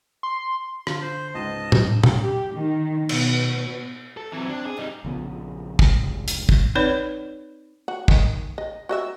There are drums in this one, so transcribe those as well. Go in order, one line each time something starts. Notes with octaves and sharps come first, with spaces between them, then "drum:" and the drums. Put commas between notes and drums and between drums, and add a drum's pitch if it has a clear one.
C6
D3 F4, drum: rim click
C5
C#2 G#2 D#5 A5
C2 G2, drum: tom
drum: tom
G4
D#3
B2, drum: cymbal
A4
E3 F#3 C4
D4
G#4
G3 D#4 D#5
A#1 C#3 B3
drum: kick
F1 C#2
drum: hi-hat
drum: kick
C4 D#4 B4 C#5 D5
F#4
D#3, drum: kick
D#5
F#4 D#5 E5